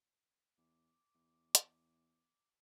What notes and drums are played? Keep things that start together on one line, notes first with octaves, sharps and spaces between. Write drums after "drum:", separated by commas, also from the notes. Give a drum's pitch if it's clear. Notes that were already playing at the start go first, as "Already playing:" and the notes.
E2 D6
E2
drum: hi-hat